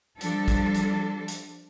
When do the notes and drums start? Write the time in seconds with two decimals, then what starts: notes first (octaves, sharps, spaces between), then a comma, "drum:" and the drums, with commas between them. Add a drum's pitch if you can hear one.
0.21 F3 G3 D4 A4, drum: hi-hat
0.48 drum: kick, hi-hat
0.75 drum: hi-hat
1.28 drum: hi-hat